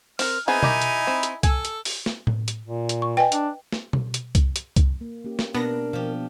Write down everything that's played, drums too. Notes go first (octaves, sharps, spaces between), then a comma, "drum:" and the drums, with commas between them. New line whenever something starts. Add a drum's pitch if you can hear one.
C4 A#4 F6, drum: open hi-hat
B3 C4 D#4 E4 G#4 G#5
D#3 G4 A#5, drum: tom B2
drum: hi-hat
C4
drum: hi-hat
A4 G#5, drum: kick C2, hi-hat
drum: hi-hat
drum: open hi-hat
drum: snare
drum: tom A2
drum: hi-hat
A#2
drum: hi-hat
C#6
B4 D#5 G5 G#5
D4, drum: hi-hat
drum: snare
drum: tom B2
drum: hi-hat
drum: kick C2, hi-hat
drum: hi-hat
drum: kick C2, hi-hat
A#3
A#3 C#4 G4
drum: snare
B2 B3 D4 A#4 A#6
B2 F3 G4